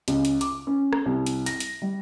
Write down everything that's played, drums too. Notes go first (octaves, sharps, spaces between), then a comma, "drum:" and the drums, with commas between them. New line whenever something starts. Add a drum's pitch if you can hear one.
C#2, drum: hi-hat
drum: hi-hat
D6, drum: hi-hat
C#4
drum: rim click
C2
drum: hi-hat
A#6, drum: hi-hat
drum: hi-hat
G3